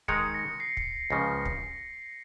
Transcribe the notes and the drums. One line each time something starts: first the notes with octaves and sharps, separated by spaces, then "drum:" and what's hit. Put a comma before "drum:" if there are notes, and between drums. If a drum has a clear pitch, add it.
D#3 G#3 D#4 A#4 C#7, drum: kick
A#6
C7
drum: kick
C#2 C#3 F3 A#6
drum: kick